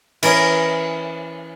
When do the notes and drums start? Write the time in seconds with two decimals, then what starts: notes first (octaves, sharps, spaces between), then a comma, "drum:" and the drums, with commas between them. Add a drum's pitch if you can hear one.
0.23 E3 C#4 A#4 D#5, drum: cymbal